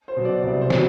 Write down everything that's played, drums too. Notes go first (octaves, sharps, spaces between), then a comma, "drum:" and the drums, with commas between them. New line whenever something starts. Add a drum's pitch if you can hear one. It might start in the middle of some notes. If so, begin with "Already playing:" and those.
C5
B2 F#3
D5
C2 D5
C5
B2, drum: snare